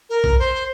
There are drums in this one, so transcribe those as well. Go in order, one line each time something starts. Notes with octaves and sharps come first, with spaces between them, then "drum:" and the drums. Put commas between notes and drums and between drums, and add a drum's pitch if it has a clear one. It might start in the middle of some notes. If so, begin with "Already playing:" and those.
A#4
drum: kick
C5